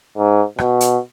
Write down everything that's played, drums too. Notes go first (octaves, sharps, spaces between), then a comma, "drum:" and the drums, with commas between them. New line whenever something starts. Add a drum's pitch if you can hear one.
G#2
B2, drum: rim click
drum: hi-hat